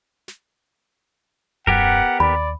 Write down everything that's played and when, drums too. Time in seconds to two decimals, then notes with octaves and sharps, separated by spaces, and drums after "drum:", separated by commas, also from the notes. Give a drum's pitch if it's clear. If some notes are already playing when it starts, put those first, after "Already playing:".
0.28 drum: snare
1.67 F#2 B3 G4 A#4 F#5, drum: kick D#1
2.20 D#2 D5 B5